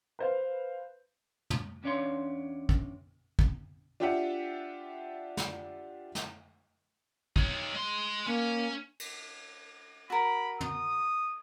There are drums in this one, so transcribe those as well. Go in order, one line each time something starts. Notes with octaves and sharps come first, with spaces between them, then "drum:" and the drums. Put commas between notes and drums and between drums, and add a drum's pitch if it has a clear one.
B4 C5 F5
drum: tom
E2 C#4 D4 C#5 F5 C6
drum: kick
drum: kick
D4 F4 G4 E5 F#5
drum: snare
drum: snare
D#4 C#5, drum: kick
G#3 C6
A#3 C#4
drum: cymbal
F#4 A#4 B5
D#6, drum: tom